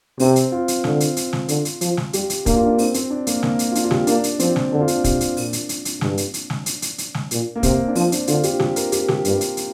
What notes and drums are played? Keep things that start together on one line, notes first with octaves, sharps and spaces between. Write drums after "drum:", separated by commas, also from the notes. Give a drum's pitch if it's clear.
C3 C4, drum: open hi-hat
drum: hi-hat
F4
drum: hi-hat
D3, drum: snare
drum: hi-hat
drum: hi-hat
drum: snare
D3, drum: hi-hat
drum: hi-hat
F3, drum: hi-hat
drum: snare
G3 G4, drum: hi-hat
drum: hi-hat
A#3 D4, drum: kick, hi-hat
F4
D4
C4, drum: open hi-hat
C4, drum: hi-hat
D4
A#3, drum: hi-hat
A#3, drum: snare
drum: hi-hat
F4
D4, drum: hi-hat
F4
G4, drum: snare
A#3 D4, drum: hi-hat
drum: hi-hat
F3 C4, drum: hi-hat
drum: snare
D3 D4
F4
D4, drum: hi-hat
C3, drum: kick, hi-hat
drum: hi-hat
A#2, drum: open hi-hat
drum: hi-hat
drum: hi-hat
drum: hi-hat
G2, drum: snare
drum: hi-hat
drum: hi-hat
drum: snare
drum: hi-hat
drum: hi-hat
drum: hi-hat
drum: snare
A#2, drum: hi-hat
A#3
C3 C4, drum: kick, hi-hat
D4
F3 C4, drum: open hi-hat
D4, drum: hi-hat
D3 F4, drum: hi-hat
G4, drum: hi-hat
G4, drum: snare
A#4, drum: hi-hat
G4, drum: hi-hat
G4, drum: snare
G2, drum: hi-hat
drum: hi-hat
drum: hi-hat